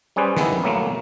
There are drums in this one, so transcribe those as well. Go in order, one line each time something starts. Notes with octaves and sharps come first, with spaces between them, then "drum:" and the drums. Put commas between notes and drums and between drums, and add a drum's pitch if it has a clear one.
G3 C#4 G#4 B4 C5 D5
D#3 B3 E4, drum: snare
drum: tom F3
B1 F#3 A3 A#3